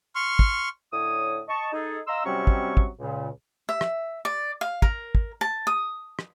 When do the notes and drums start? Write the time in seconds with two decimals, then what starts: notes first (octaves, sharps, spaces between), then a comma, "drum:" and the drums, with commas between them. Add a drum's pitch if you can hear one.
0.15 C6 C#6 F6
0.39 drum: kick
0.93 A2 D3 C#5 D#6
1.49 D#5 A5 C#6
1.73 D#4 G#4 A4
2.08 D#5 F5 A#5 C6 E6
2.25 C3 F#3 G3 C4 C#4 C#6
2.47 drum: kick
2.77 drum: kick
2.99 C#2 A#2 C#3
3.69 E5
3.81 drum: rim click
4.25 D5
4.61 F5
4.82 A#4, drum: kick
5.15 drum: kick
5.41 A5
5.67 D#6
6.19 drum: rim click